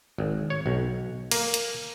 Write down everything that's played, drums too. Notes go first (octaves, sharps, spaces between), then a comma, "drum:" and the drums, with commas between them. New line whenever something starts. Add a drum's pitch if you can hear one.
G#1
C#5
B1
A#3, drum: cymbal
drum: hi-hat